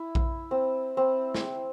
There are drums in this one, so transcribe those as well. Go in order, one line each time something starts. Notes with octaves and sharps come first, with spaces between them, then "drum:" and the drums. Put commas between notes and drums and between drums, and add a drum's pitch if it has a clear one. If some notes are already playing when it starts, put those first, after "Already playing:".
Already playing: E4
drum: kick A#1
C4
C4
drum: snare